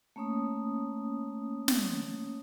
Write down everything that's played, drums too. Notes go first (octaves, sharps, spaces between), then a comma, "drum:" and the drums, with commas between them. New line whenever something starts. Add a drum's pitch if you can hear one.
A3 A#3 C#4 C#5 D#6
drum: snare